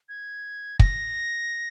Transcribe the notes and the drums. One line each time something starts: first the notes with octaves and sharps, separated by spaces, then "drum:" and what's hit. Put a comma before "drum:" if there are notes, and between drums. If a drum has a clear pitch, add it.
G#6
A#6, drum: kick